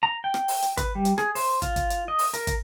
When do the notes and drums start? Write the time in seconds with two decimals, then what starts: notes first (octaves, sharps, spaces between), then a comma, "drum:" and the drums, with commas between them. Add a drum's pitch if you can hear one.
0.03 A#5
0.24 G5
0.34 drum: rim click
0.48 drum: open hi-hat
0.62 drum: hi-hat
0.77 B4, drum: kick, hi-hat
0.95 G3
1.05 drum: hi-hat
1.18 G#4, drum: rim click
1.35 C5, drum: open hi-hat
1.62 F4, drum: kick, hi-hat
1.76 drum: kick, hi-hat
1.90 drum: hi-hat
2.08 D#5
2.19 drum: open hi-hat
2.34 A#4, drum: hi-hat
2.47 drum: kick, hi-hat